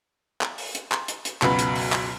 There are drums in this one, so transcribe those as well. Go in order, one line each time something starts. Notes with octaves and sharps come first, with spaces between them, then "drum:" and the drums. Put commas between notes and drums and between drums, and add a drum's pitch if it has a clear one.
drum: clap
drum: open hi-hat
drum: hi-hat
drum: clap
drum: hi-hat
drum: hi-hat
C#2 F#2 B2 F#4 B4, drum: clap
drum: hi-hat
drum: open hi-hat
drum: clap